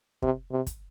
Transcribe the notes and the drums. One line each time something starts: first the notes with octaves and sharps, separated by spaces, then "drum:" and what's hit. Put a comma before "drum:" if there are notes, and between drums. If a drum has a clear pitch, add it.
C3, drum: kick
C3
drum: kick, hi-hat